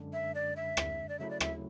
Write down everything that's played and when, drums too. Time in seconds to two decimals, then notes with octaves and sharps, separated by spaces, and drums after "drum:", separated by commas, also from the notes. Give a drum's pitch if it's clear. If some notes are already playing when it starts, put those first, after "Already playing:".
Already playing: F#2 D3 G#3 D4
0.13 E5
0.35 D5
0.56 E5
0.77 drum: rim click
1.09 D5
1.19 C#3 F#3 A3 E4 E5
1.30 D5
1.40 E5, drum: rim click